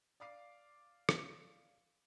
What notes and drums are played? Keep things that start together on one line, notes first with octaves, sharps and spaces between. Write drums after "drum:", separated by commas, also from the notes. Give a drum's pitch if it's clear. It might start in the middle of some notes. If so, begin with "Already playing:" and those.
D5 F5 D6 C7
drum: rim click